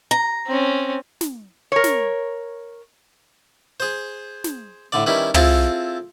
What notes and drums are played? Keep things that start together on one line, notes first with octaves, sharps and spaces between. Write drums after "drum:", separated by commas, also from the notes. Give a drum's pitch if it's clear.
A#5
C4 C#4
drum: snare
A#4 C#5
drum: snare
G#4 C5
drum: snare
A2 D3 D5
D#3 G3 C#4 E4 B4
C4 E4 F4 G#4 A4 A5, drum: tom